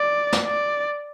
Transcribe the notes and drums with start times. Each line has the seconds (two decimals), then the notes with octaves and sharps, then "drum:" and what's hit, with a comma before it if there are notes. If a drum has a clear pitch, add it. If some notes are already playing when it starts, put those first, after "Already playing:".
Already playing: D5
0.33 drum: snare
0.46 D5